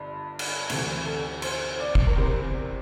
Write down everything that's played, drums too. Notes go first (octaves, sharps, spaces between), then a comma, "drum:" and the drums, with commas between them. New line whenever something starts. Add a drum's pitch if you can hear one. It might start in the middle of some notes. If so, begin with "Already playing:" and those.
Already playing: G1 G2
drum: cymbal
D2 C3 E3, drum: cymbal
A4
C5, drum: cymbal
D5
drum: kick
A#4
E2 C3 E3 C5